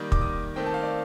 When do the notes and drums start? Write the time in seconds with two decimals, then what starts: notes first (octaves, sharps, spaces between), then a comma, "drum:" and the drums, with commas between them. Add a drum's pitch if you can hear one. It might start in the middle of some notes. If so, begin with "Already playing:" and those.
Already playing: D#3 G3 A#3
0.12 D6, drum: kick
0.21 D#6
0.56 D#3 A3 C4 G5
0.66 A5
0.74 F5
0.83 D5